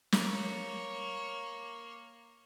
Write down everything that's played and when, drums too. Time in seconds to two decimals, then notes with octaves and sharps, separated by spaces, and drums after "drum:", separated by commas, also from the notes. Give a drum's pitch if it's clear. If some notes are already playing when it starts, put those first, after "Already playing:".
0.12 A#3 C#5, drum: snare